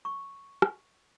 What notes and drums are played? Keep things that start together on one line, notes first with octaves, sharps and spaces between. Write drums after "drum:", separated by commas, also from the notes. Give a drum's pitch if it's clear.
C#6
drum: rim click